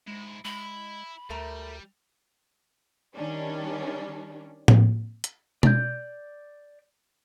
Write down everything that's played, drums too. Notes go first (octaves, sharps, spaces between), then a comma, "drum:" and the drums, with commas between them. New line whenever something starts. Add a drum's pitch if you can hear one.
G#2 G#3 E4
G#3 E4 B5
D2 G3 A3 A#4 A#5
D#3 G3 C#4 D4
drum: tom A2
drum: hi-hat
D5 G6, drum: tom B2